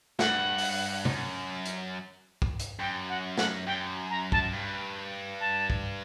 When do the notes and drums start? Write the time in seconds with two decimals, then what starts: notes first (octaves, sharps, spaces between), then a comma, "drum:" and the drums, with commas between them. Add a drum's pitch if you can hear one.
0.19 G2 F#5, drum: snare
0.58 drum: open hi-hat
1.05 F#2, drum: tom C3
1.65 drum: hi-hat
2.42 drum: kick
2.60 drum: hi-hat
2.80 F#2 G5
3.09 F#5
3.38 F#5, drum: snare
3.67 F#2 G5
4.10 A#5
4.32 A5, drum: kick
4.53 G2
5.40 A5
5.70 drum: kick